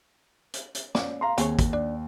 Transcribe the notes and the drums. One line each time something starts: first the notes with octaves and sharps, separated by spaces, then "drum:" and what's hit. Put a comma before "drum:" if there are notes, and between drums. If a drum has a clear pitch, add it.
drum: hi-hat
drum: hi-hat
C#4 D5, drum: snare
F5 A#5 C6
D#2 C4 G#4 C#5, drum: hi-hat
drum: kick, hi-hat
D4